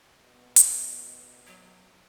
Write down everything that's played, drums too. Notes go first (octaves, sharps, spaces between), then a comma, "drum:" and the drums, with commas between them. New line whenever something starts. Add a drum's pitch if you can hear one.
B2
drum: hi-hat
F#3